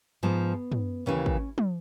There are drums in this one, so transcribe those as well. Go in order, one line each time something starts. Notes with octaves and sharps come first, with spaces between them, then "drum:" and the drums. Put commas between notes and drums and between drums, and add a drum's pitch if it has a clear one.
G#2 F3 B3
drum: tom
D#2 C#3 E3 C#4
drum: kick
drum: tom